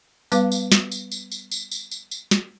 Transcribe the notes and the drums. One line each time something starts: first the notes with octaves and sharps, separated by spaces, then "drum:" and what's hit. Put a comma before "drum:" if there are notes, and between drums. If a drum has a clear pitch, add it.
G3 B3 B4 F5 D6, drum: tambourine
drum: tambourine
drum: snare
drum: tambourine
drum: tambourine
drum: tambourine
drum: tambourine
drum: tambourine
drum: tambourine
drum: tambourine
drum: snare